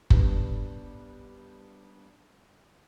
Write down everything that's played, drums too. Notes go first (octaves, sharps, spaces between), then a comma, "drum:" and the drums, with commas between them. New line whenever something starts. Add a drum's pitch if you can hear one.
G3 B3 D4, drum: kick F#1